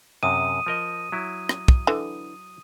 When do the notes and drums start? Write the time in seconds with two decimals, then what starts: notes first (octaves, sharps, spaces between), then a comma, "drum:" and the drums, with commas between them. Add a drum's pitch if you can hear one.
0.23 F#2 C3 D#6 D#7
0.66 F3 A#4 D#5
1.12 F#3 E4
1.49 drum: rim click
1.68 drum: kick
1.87 D3 E3